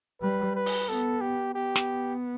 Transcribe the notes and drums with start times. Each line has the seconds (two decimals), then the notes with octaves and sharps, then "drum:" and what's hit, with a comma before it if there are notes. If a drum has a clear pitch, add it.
0.22 G3 B4
0.55 B4
0.66 drum: open hi-hat
0.89 B3 A4
1.21 G4
1.54 B3 G4
1.76 drum: snare